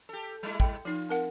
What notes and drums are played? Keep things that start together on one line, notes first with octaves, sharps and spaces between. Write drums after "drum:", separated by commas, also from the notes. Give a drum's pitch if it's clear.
G4 A4
G3 A3 E4
G5, drum: kick
F3 D#4 F4
C4 A#4 F#5